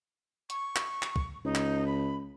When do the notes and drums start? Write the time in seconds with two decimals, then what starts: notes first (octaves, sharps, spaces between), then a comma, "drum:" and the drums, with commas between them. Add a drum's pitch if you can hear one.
0.50 C#6, drum: hi-hat
0.76 drum: clap
1.03 drum: clap
1.16 drum: kick
1.45 C#2 D#4
1.55 drum: clap
1.86 B5